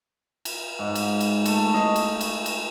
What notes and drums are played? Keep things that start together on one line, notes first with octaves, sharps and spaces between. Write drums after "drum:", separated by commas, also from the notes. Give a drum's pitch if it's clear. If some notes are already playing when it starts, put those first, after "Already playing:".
drum: cymbal
G#2
drum: cymbal
drum: cymbal
A3, drum: cymbal
D#5, drum: snare
drum: cymbal
drum: cymbal
drum: cymbal